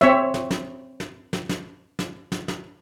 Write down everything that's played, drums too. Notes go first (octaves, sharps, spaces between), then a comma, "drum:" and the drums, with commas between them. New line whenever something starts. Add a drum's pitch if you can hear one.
C4 C#5 E5, drum: snare
drum: snare
drum: snare
drum: snare
drum: snare
drum: snare
drum: snare
drum: snare
drum: snare